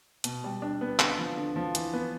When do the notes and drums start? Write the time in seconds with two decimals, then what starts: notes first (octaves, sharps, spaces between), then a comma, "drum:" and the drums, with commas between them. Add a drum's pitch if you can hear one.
0.24 B2, drum: hi-hat
0.44 G3
0.62 D4
0.81 B3
0.99 D3, drum: clap
1.18 F3
1.37 D3
1.56 F3
1.75 E3, drum: hi-hat
1.93 B3